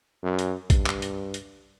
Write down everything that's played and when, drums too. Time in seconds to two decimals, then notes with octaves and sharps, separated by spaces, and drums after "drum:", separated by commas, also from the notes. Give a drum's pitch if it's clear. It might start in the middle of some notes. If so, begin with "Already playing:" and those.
0.23 F#2
0.39 drum: hi-hat
0.70 G2, drum: kick A#1, hi-hat
0.86 drum: clap
1.02 drum: hi-hat
1.34 drum: hi-hat